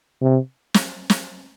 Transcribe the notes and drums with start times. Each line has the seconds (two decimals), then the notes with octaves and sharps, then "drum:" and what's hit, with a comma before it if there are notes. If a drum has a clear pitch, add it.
0.21 C3
0.74 drum: snare
1.10 drum: snare